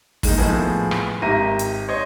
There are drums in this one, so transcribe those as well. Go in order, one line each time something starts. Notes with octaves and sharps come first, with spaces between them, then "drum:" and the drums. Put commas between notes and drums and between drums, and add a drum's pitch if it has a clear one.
D#3 G#3 A#3 D#4, drum: kick, open hi-hat
A2 F3 B3 G#4
drum: rim click
G#1 G4 E5 A#5 A#6 D#7
drum: hi-hat
C5 C#5 D#5 C6